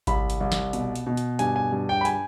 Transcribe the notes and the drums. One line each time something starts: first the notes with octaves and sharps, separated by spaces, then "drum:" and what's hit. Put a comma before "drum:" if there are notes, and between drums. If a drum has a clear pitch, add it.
C2 B5, drum: kick G#1, hi-hat
drum: hi-hat
C2
drum: snare
B2, drum: hi-hat
drum: hi-hat
B2
drum: hi-hat
G2 G#5, drum: hi-hat
G#5
G2
G5
B5
G#5, drum: hi-hat